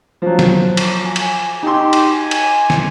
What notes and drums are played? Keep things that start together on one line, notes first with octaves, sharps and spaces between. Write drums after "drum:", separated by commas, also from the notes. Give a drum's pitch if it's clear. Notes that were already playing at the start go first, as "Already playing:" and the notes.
F3 F#3
drum: snare
drum: cymbal
G#5
drum: cymbal
D#4 G4 C6
drum: cymbal
G#5
drum: cymbal
drum: snare